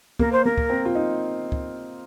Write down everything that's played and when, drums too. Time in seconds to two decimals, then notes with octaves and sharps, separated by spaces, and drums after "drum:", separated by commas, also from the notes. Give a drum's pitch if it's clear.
0.19 A#3 A#4, drum: kick
0.32 C5
0.44 A#3 A#4
0.58 drum: kick
0.70 C4
0.85 F4
0.95 D#4
1.52 drum: kick